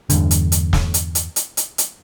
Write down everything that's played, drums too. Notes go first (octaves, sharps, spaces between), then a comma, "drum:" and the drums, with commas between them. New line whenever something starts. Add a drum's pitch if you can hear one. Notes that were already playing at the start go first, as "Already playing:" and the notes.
E2 G2 D3, drum: hi-hat
drum: hi-hat
drum: hi-hat
drum: snare
drum: hi-hat
drum: hi-hat
drum: hi-hat
drum: hi-hat
drum: hi-hat